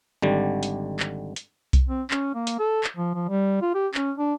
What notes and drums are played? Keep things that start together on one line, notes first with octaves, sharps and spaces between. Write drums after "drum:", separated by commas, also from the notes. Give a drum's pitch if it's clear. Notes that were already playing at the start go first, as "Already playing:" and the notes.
G#1 D3 G3
drum: hi-hat
drum: clap
drum: hi-hat
drum: kick B1, hi-hat
C4
C#4, drum: clap
A#3
drum: hi-hat
A4
drum: clap
F3
F3
G3
F4
G4
C#4, drum: clap
D4